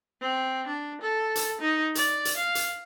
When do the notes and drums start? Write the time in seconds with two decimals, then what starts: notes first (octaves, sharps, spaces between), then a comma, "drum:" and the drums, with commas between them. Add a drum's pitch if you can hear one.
0.21 C4
0.67 D4
1.01 A4
1.36 drum: hi-hat
1.61 D#4
1.95 D5, drum: hi-hat
2.25 drum: hi-hat
2.37 F5
2.55 drum: hi-hat